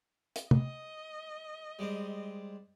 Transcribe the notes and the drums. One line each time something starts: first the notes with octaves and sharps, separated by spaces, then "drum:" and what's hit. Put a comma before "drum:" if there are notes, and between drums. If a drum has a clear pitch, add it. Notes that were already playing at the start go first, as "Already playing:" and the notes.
drum: hi-hat
D#5, drum: tom
G3 G#3 C4